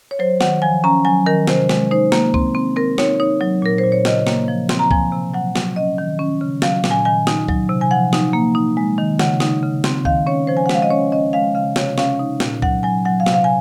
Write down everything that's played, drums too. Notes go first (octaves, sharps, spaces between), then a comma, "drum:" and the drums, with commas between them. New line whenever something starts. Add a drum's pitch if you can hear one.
C#5
F#3 C5
D#3 F#5, drum: snare
F3 G#5
C#4 A#5
F#3 G#5
D#3 A#4
C3 C5, drum: snare
G#3, drum: snare
D#4 C5
A#3, drum: snare
C4, drum: kick
C4
C4 A#4
D#4 C#5, drum: snare
D#4 C#5
F#3
A#2 A#4
C5
A#2
C#5
C#3 D#5, drum: snare
A#3, drum: snare
F3
C4, drum: snare
A#5
F3 G#5, drum: kick
C3
F#3 F#5
F#3, drum: snare
C#4 D#5
D#3
C#4
C#3
F#3 F5, drum: snare
A#2, drum: snare
G#5
D#3 G#5
D#4, drum: snare
F#3, drum: kick
C3
G#5
F3 F#5
D#4, drum: snare
A#3
D#4
G#3
D#3
C#3 F#5, drum: snare
D#4, drum: snare
C#3
C4, drum: snare
D#3 F5, drum: kick
C#4 C#5
F3 C5
G#5
F#5
G#3 F5, drum: snare
D#5
C#4 C#5
C#4 D#5
G#3 F5
C#3 F5
C3 C#5, drum: snare
C#4 F5, drum: snare
D#4
A#2, drum: snare
F#3 F#5, drum: kick
F#3 G#5
F#3 F#5
F5
C3, drum: snare
F5
G#5